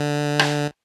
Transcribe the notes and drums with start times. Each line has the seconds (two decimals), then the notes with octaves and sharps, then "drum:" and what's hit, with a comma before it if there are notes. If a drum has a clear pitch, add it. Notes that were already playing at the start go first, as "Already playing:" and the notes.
Already playing: D3
0.39 drum: rim click